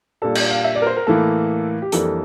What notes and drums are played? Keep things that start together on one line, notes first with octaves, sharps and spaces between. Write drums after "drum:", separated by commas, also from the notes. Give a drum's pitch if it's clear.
A#2 G3 D4 A4
D5, drum: cymbal
F5
E5
D5
A#4
C5
A#4
A2 E3 A#3 A4
G4
F2 E3 G3 A#3 D4 A4, drum: hi-hat